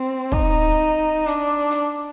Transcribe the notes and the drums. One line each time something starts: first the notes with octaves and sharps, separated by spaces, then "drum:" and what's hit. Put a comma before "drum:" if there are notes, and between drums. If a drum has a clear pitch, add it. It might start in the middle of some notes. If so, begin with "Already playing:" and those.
Already playing: C4
D#4, drum: kick
D4, drum: hi-hat
drum: hi-hat